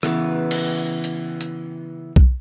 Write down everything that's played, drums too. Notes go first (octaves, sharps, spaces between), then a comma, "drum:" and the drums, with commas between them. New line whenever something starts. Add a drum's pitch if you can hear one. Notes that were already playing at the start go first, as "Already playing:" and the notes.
C#3 E3 B3, drum: rim click
drum: cymbal
drum: hi-hat
drum: hi-hat
drum: kick B1